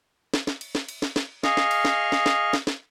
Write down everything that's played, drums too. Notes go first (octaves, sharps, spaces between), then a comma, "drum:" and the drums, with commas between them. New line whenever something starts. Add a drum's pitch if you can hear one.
drum: snare
drum: snare
drum: cymbal
drum: snare
drum: cymbal
drum: snare
drum: snare
G#4 D#5 F5 C#6 F6, drum: snare
drum: snare
drum: cymbal
drum: snare
drum: snare
drum: snare
drum: snare
drum: snare